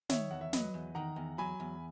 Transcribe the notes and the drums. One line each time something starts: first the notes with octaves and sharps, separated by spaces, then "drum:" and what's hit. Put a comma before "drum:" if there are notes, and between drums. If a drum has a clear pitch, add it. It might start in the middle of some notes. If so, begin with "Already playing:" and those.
D#3 C#5 E5, drum: snare
E2 F#5
E5
F#3 B4 D#5, drum: snare
E2
D#3 F#5 A#5
E2
F#3 G#5 B5
E2